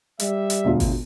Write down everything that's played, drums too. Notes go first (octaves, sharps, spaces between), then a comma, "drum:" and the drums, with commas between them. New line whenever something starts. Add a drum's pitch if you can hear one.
G3 E5, drum: hi-hat
drum: hi-hat
E1 D2 F4
drum: kick G#1, open hi-hat